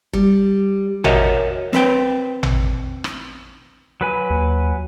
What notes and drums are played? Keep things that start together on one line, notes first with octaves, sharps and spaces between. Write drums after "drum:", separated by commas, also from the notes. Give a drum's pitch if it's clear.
G3, drum: kick
F#4 A#4 C#5 D#5 E5 F#5, drum: tom A1
C4 B4 G5, drum: snare
drum: tom A1
drum: rim click
F#3 B4 G#5
D#2